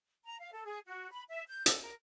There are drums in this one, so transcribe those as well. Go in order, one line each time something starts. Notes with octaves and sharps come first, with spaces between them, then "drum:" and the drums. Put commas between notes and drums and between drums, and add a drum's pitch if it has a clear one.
A#5
F5
A4
G#4
F#4
B5
E5
G6
A4, drum: hi-hat
A#4